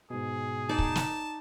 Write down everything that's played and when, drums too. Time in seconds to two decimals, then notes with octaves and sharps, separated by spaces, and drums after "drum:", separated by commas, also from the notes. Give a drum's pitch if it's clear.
0.10 G#2 B2 G#4
0.69 D#4 D5 A5
0.78 drum: kick
0.95 drum: snare